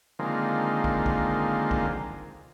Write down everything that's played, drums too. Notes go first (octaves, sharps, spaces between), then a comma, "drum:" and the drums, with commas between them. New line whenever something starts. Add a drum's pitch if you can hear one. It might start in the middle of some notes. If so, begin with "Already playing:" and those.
D3 D#3 F3 G#3 A#3 C4
drum: kick
drum: kick
drum: kick